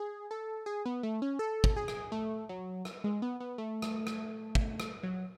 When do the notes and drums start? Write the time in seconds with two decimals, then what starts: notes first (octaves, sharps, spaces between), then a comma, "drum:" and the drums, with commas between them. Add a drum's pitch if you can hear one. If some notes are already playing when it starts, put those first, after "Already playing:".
Already playing: G#4
0.31 A4
0.66 G#4
0.86 B3
1.03 A3
1.22 C#4
1.39 A4
1.64 drum: kick
1.76 G#4
1.88 drum: rim click
2.12 A3
2.49 F#3
2.85 drum: rim click
3.04 G#3
3.22 B3
3.40 B3
3.58 A3
3.82 drum: rim click
4.07 drum: rim click
4.55 drum: kick
4.80 drum: rim click
5.03 F#3